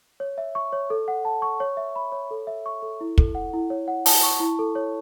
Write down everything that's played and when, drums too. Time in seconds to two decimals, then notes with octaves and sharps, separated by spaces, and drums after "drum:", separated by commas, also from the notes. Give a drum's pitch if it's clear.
0.20 C#5
0.38 E5
0.55 C#6
0.73 C#5
0.90 A4
1.08 F#5
1.25 A5
1.42 C#6
1.60 C#5
1.77 E5
1.96 B5
2.12 C#5
2.31 A4
2.47 E5
2.66 C#6
2.82 A4
3.01 E4
3.18 A4, drum: kick
3.35 F#5
3.53 E4
3.70 C#5
3.88 F#5
4.06 A5, drum: open hi-hat
4.23 C#6
4.40 E4
4.59 A4
4.75 C#5